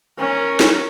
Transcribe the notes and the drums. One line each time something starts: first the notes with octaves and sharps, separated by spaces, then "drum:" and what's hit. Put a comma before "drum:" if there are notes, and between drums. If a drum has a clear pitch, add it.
C#4 A#4
drum: snare